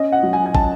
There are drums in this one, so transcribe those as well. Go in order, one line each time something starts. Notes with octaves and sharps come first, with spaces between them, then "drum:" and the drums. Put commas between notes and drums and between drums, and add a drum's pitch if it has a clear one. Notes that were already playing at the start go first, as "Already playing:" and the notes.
Already playing: C#4 D#5
F#5
F#3
G#5
G#5
C#4 A5, drum: kick